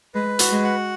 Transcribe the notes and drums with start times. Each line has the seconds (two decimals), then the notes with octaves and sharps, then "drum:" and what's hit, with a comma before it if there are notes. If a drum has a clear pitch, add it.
0.14 G#3 B4
0.39 F#4, drum: hi-hat
0.51 G#3
0.64 F#5